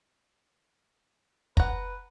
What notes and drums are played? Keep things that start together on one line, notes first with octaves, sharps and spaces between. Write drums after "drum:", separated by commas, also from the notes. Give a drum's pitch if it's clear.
B4 F#5 A#5, drum: kick